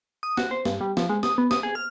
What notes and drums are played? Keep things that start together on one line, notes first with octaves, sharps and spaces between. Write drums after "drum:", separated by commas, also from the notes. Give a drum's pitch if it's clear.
D#6
F#4, drum: snare
C5
G2, drum: snare
G3
F3, drum: snare
G#3
D#6, drum: snare
B3
D#6, drum: snare
G#4
F6